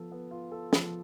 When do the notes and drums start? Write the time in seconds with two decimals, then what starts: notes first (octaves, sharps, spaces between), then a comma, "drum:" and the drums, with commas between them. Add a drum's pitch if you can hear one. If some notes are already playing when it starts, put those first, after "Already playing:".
Already playing: F3 B3 F4 A4
0.12 B3
0.31 F4
0.52 A4
0.73 F3, drum: snare